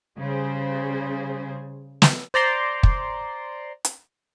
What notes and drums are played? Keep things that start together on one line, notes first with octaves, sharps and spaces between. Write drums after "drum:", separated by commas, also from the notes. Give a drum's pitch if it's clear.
C#3 G3 G#4 C5
drum: snare
C5 D5 A#5 C6
drum: kick
drum: hi-hat